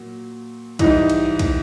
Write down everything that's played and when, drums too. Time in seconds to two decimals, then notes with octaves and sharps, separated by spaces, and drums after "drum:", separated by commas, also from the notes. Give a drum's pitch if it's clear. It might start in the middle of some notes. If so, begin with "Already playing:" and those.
Already playing: A#2 F#3
0.79 G#2 E3 G3 D#4, drum: kick, cymbal
1.10 drum: cymbal
1.39 drum: kick, cymbal